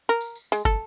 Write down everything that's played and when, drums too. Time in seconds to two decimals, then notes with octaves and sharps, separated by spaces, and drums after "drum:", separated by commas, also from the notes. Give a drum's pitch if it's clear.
0.09 A#4
0.21 drum: tambourine
0.35 drum: tambourine
0.52 G#3, drum: tambourine
0.65 A4, drum: kick